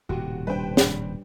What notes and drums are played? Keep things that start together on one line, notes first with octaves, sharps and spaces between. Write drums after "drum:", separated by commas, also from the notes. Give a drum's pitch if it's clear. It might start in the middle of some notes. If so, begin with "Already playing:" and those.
D#1 A2 C3 F#4 G4
G3 D4 B4 C5 G5
drum: snare